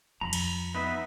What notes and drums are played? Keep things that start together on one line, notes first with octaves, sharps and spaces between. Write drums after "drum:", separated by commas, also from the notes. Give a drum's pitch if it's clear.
F2 F3 A#5 B5
drum: cymbal
B3 D#4 B4 E5